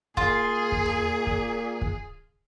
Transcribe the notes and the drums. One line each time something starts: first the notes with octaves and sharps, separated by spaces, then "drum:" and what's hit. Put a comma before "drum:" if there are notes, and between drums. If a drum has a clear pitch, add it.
A#2 F4 G#4, drum: kick
drum: kick
drum: tom E2
drum: kick
drum: kick